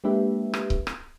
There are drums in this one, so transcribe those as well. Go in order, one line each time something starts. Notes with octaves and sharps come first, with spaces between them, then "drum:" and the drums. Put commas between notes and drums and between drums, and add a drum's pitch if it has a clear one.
G#3 A#3 D4 G4 B4 E5
drum: rim click
drum: kick C#1
drum: rim click